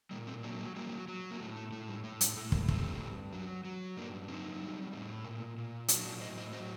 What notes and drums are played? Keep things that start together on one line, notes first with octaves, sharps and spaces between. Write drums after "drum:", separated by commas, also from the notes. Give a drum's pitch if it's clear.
A#2 G3 A#3
A3 C4
F#3 A#3 D4
G3 A#3
F#3 G3 A#3
F#3
A#3
A2 A3
A3
A2 A3
G3
A2 A3
G3, drum: hi-hat
A2 A3
G3 A#3, drum: kick
G3 A3 C4, drum: kick
G2
F#3
F#3
G2 A#3 D4
F#3 C4 D#4
G3
A2
A#2
A#2
F#3 D4 F#4, drum: hi-hat
D4 F#4
A2 C5 D#5
C5 D#5
F#3 C5 D#5